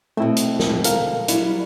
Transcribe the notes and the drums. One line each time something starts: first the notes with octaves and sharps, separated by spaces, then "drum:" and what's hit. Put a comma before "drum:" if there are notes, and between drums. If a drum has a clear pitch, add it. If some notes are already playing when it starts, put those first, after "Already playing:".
B2 A3 C4 E4
drum: hi-hat
drum: snare
A4 A#4 F5, drum: hi-hat
F#3 G3 E4, drum: hi-hat